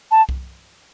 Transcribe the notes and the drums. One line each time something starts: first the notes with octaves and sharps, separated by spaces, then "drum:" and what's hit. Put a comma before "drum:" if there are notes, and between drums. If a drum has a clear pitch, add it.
A5
drum: kick C2